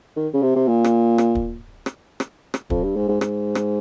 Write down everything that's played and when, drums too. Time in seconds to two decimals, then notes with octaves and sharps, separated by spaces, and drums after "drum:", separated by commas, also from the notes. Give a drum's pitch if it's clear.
0.17 D#3
0.34 C#3
0.42 C3
0.55 C3
0.68 A#2
0.84 drum: rim click
1.18 drum: rim click
1.35 drum: kick
1.86 drum: rim click
2.20 drum: rim click
2.54 drum: rim click
2.70 F2, drum: kick
2.84 G2
2.96 G#2
3.08 G#2
3.21 G#2, drum: rim click
3.55 drum: rim click